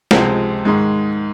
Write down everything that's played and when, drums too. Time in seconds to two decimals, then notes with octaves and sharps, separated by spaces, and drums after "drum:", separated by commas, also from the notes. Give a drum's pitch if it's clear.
0.11 C#2 C3 F3 G#3 C4, drum: snare
0.65 G#2 D#3 G#3